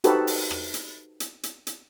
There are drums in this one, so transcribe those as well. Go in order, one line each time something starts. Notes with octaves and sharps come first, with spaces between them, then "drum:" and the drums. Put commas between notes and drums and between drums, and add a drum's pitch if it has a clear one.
D#4 F#4 G4 A4 B4 C5, drum: hi-hat
drum: open hi-hat
drum: rim click
drum: hi-hat
drum: hi-hat
drum: hi-hat
drum: hi-hat